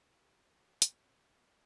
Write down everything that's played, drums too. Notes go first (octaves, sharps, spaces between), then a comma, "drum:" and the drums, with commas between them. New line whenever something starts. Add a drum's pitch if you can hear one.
G#4
G4
F4
G4
F#4
G4, drum: hi-hat
F#4
C#4
C4
A#3